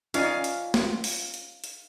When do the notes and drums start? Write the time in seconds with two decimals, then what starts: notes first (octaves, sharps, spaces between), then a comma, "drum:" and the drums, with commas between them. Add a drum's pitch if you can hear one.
0.14 C#4 D#4 F4 D5 D#5 F5 G#5, drum: hi-hat
0.44 drum: hi-hat
0.74 drum: snare
1.04 drum: open hi-hat
1.34 drum: hi-hat
1.64 drum: hi-hat